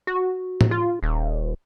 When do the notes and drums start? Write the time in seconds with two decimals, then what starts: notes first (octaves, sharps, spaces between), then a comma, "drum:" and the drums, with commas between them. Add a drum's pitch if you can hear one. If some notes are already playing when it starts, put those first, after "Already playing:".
0.07 F#4
0.61 drum: tom A2
0.71 F4
1.03 D#1